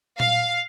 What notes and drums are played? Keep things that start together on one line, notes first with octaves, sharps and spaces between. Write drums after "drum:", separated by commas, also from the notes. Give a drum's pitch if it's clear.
F5, drum: tom A#2